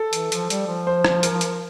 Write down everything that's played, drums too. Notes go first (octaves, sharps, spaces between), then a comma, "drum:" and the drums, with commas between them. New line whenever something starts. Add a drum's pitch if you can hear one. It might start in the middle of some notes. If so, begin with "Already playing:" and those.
Already playing: A4
E3, drum: hi-hat
F3, drum: hi-hat
G3, drum: hi-hat
F3
C5
drum: rim click
A#4, drum: hi-hat
drum: hi-hat